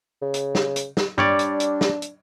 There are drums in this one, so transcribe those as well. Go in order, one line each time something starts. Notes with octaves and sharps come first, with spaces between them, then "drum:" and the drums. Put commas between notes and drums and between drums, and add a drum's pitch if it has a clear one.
C#3
drum: hi-hat
drum: snare
drum: hi-hat
drum: snare
G3 D4 C#5 D5, drum: tom G2
drum: hi-hat
drum: hi-hat
drum: snare
drum: hi-hat